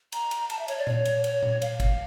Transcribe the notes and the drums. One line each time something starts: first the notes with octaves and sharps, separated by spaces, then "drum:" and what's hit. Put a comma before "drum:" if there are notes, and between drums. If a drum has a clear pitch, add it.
A#5, drum: cymbal
drum: cymbal
A5, drum: cymbal
E5
C#5, drum: cymbal
D5
C#5, drum: tom A#2
drum: cymbal
C#5, drum: cymbal
drum: tom A#2
F5, drum: cymbal
drum: kick G1, cymbal